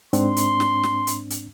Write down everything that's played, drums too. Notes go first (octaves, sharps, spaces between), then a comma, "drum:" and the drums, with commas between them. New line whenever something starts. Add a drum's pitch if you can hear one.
G#2 C4 D4 C6, drum: hi-hat
drum: hi-hat
drum: snare
drum: snare
drum: hi-hat
drum: hi-hat